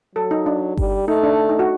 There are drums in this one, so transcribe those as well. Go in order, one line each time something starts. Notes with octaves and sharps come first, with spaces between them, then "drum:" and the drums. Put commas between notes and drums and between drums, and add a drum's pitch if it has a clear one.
F#3 A4
D#4
D4
G3, drum: kick G1
A3 D#4
D4
D#4
F#4